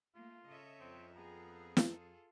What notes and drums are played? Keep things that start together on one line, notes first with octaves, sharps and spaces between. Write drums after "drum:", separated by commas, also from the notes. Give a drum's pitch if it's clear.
A3 A#3 F4
C#3 A4 C#5 D#5 E5
F2 C4
B3 G#4 A#5
drum: snare
F4 A4